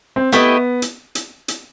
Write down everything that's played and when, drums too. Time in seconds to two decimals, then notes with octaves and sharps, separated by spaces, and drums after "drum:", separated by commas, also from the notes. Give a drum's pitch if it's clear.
0.16 C4
0.32 A3 B3 E4 G4 D#5
0.82 drum: hi-hat
1.15 drum: hi-hat
1.48 drum: hi-hat